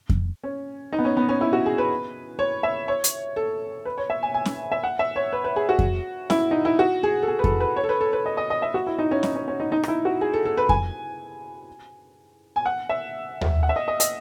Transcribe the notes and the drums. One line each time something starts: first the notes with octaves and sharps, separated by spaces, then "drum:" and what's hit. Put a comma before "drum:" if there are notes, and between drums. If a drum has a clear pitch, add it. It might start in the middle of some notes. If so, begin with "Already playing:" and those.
drum: kick F2
C#4
D#4
B3
C#4
B3
C#4
E4
F#4
G#4
B4
C#5
E5
C#5
drum: hi-hat
A4
B4
C#5
E5
G#5
G#5
drum: snare C#4
E5
F#5
E5
C#5
B4
B4
G#4
F#4
drum: kick F2
E4, drum: snare C#4
D#4
E4
F#4
G#4
A4
G#4
B4
A4, drum: kick F2
B4
C#5
A4
B4
A4
B4
D#5
D#5
D#5
E5
F#4
E4
D#4
C#4
D#4, drum: snare C#4
C#4
C#4
D#4
D#4
D#4, drum: rim click
E4
F#4
G#4
A4
A4
B4
G#5, drum: kick F2
G#5
F#5
E5
drum: tom D#2
F#5
E5
D#5
D#5
D#5, drum: hi-hat